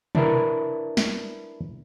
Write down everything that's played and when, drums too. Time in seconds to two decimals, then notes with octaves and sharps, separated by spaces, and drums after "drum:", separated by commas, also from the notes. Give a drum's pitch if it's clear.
0.15 D4 E4 A#4 B4, drum: tom
0.97 drum: snare